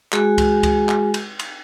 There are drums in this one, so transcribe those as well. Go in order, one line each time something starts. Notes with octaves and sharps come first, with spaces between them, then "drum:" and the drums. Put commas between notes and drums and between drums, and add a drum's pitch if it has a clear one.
G#3 F#4 G#4 G#5, drum: clap
drum: kick C#2, cymbal
drum: kick C#2, cymbal
drum: clap
drum: cymbal
drum: cymbal